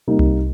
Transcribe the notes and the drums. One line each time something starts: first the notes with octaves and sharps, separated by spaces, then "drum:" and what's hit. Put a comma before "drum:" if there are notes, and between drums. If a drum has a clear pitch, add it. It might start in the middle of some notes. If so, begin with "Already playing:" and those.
C3 G3 A#3 D#4
drum: tom C2